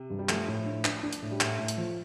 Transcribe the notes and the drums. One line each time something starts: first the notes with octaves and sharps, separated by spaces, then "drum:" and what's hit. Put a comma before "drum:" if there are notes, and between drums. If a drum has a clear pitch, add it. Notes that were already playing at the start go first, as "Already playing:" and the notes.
Already playing: C3
G2
G3
F3 A3, drum: clap
A2
D4
D4, drum: clap
D4
drum: hi-hat
A2
G3
A2 A3, drum: clap
A2
drum: hi-hat
F3